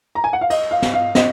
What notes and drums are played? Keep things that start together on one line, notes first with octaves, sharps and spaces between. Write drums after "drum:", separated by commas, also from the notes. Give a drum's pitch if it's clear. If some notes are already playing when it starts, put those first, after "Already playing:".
A#5
G#5
F#5
F5
D#5, drum: cymbal
F5
drum: snare
F5
D#5, drum: snare